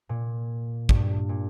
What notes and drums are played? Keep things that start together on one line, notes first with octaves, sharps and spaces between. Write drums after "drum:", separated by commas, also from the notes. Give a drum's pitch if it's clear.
A#2
G2, drum: kick
A#2